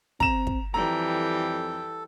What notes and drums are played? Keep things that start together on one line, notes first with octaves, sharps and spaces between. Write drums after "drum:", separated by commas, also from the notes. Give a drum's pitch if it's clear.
C4 A#5 E7, drum: kick
drum: kick
F2 E3 G3 A4 G5 A#5